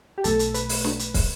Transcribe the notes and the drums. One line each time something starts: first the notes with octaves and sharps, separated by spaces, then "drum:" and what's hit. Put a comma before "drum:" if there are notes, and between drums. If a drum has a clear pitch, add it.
G4
B1 B2 A3 A4, drum: hi-hat
drum: hi-hat
B4, drum: hi-hat
drum: open hi-hat
drum: snare
drum: hi-hat
drum: kick, open hi-hat